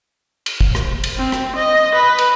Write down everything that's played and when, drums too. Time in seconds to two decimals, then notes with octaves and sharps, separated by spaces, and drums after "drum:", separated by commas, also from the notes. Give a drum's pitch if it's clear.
0.46 drum: cymbal
0.61 drum: kick
0.75 drum: rim click
1.04 drum: cymbal
1.18 C4
1.32 drum: rim click
1.56 D#5
1.95 B4
2.18 drum: cymbal